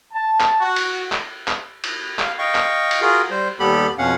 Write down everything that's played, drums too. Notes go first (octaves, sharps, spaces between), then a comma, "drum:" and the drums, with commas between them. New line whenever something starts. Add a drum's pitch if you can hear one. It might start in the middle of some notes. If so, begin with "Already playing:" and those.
A5
drum: clap
F#4
drum: cymbal
drum: clap
drum: clap
drum: cymbal
F5, drum: clap
D#5 F5 G5 C#6
drum: clap
drum: cymbal
F4 F#4 G#4 A#4
G3 C5
D#2 G3 B3 G4 A4 B5
F2 B2 C#4 F5 F#5